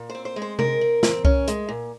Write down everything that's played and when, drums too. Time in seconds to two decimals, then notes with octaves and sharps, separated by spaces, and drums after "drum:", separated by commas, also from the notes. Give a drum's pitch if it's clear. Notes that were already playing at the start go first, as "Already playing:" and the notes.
Already playing: A#2
0.10 C5
0.15 C4
0.25 C5
0.36 G#3
0.42 C5
0.59 C4 A#4, drum: tom C3
0.81 C4
1.03 C4, drum: snare
1.25 C#4, drum: kick C2
1.48 G#3, drum: hi-hat
1.69 A#2